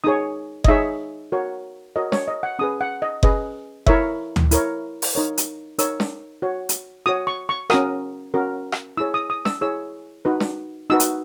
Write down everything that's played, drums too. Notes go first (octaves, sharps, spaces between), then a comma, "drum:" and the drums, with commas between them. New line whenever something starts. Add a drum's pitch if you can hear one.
D#4 G#4 C#5 D#6
D#5, drum: kick F#1
D#4 G#4 C#5 E5
F#4 A#4 C#5
F#4 A#4 C#5 D#5
C#5, drum: snare
D#5
F#5
C#4 G#4 B4 D#6
F#5
D#5
C#4 G#4 B4 D#5, drum: kick F#1
E4 A#4 C#5 E5, drum: kick F#1
drum: tom D2
E4 A#4 C#5, drum: hi-hat
drum: open hi-hat
D#4 A#4 C#5
drum: hi-hat
D#4 A#4 C#5 E6, drum: hi-hat
drum: snare
F#4 C#5
drum: hi-hat
F#4 C#5 D#6
C#6
C#6
C#4 F#4 A#4 D#6, drum: rim click
C#4 F#4 A#4
drum: rim click
E4 G#4 C#5 E6
D#6
D#6
E6, drum: snare
E4 G#4 C#5 E6
D#4 F#4 B4
drum: snare
D#4 F#4 B4 E6
drum: hi-hat